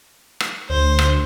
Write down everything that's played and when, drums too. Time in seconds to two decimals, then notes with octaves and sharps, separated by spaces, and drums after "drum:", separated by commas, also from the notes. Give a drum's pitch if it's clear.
0.40 drum: rim click
0.69 D2 C5
0.99 drum: rim click